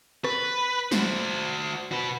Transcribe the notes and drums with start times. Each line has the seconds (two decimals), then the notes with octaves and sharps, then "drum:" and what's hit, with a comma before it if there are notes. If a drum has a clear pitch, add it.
0.24 B4, drum: rim click
0.92 F#4 C5, drum: snare
1.92 F#4 B4